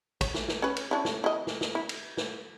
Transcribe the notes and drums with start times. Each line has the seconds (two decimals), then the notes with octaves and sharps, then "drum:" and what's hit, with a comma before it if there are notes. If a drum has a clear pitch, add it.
0.21 C#5, drum: kick A1, cymbal
0.34 drum: snare
0.48 drum: snare
0.62 C#4 B4
0.77 drum: cymbal
0.91 C#4 D4 E4
1.05 drum: snare
1.24 E4 D#5
1.47 drum: snare
1.61 drum: snare
1.75 E4
1.89 drum: cymbal
2.17 drum: snare